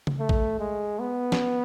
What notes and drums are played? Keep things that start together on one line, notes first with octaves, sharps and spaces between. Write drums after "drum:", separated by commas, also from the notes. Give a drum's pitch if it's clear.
drum: tom C#3
A3
drum: kick
G#3
B3
drum: snare